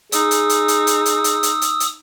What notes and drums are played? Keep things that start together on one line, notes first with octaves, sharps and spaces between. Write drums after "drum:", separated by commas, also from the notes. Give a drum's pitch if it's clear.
D#4 G#4 D#6 E6, drum: hi-hat
drum: hi-hat
drum: hi-hat
drum: hi-hat
drum: hi-hat
drum: hi-hat
drum: hi-hat
drum: hi-hat
drum: hi-hat
drum: hi-hat